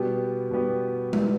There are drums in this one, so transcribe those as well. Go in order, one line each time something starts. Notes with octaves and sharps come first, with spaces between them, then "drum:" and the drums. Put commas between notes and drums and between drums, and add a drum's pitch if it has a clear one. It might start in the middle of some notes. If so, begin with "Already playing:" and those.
Already playing: B2 G3 B3 G4
B2 G3 B3 G4
G3 E4 B4, drum: tom G#3